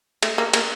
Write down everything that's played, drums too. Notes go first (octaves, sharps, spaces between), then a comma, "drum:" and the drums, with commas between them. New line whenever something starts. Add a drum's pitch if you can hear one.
A3, drum: cymbal
A#3
A#3, drum: cymbal